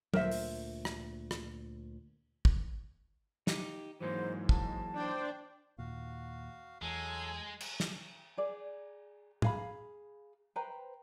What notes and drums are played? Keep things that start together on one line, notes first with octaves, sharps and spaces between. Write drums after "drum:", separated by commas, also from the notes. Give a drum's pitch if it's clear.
D2 A#2 A#4 C5 E5, drum: tom
drum: open hi-hat
drum: rim click
drum: rim click
drum: kick
D#4 G4, drum: snare
G#2 E3 F#3 A#3 C5
A5, drum: kick
D4 C5 G5
D#2 A#2 F#4 F5
E2 F#3 G#3 A4 G#5
drum: cymbal
drum: snare
G#4 D5
G#4 F5 B5, drum: tom
B4 C5 G5 A#5